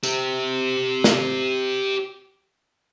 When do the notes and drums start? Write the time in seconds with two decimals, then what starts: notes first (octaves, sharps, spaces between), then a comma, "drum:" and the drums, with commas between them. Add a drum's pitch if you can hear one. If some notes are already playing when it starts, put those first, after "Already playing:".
0.03 G4 C5, drum: tambourine
1.04 drum: snare